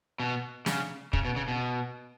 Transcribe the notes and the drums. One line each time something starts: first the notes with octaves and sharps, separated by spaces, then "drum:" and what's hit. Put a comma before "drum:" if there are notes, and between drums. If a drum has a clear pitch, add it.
B2
C#3, drum: snare
C#3, drum: kick
B2
C#3
B2